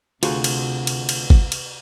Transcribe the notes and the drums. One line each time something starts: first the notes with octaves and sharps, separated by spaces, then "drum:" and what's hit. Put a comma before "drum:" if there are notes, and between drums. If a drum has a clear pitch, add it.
D2 C3 F4 F#4 G#4, drum: cymbal
drum: cymbal
drum: cymbal
drum: cymbal
drum: kick G1
drum: cymbal